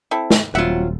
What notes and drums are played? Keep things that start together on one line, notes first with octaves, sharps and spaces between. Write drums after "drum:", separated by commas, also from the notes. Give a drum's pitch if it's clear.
C4 E4 A4
drum: snare
D#1 F#3 C4 F4 E5 F#5